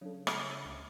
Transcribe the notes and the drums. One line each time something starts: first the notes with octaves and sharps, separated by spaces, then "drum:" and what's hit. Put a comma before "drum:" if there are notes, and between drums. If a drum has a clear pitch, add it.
C#3 F#3 D4 A4
drum: rim click
C#2